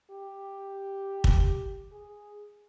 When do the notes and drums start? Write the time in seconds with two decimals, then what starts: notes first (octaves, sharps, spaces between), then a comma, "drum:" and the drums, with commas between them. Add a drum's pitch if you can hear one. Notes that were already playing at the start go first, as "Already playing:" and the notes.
0.11 G4
1.24 drum: kick
1.92 G#4